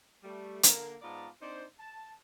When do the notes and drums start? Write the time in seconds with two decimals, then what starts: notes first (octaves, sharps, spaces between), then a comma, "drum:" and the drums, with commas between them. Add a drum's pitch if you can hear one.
0.23 G3 A3
0.63 D3 A#3 A#4, drum: hi-hat
1.02 G#2 B3 F4 D5 A5 A#5
1.41 C4 D4 D#4 C5
1.79 A5